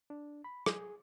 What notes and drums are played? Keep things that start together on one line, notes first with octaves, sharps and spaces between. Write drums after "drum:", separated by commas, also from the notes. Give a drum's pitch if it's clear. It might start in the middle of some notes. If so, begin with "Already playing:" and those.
D4
B5
G#4, drum: rim click